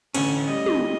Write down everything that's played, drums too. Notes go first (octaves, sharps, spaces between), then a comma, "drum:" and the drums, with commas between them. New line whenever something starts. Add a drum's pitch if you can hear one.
A1 D2 D3 C#4, drum: cymbal
G3 D#5
drum: tom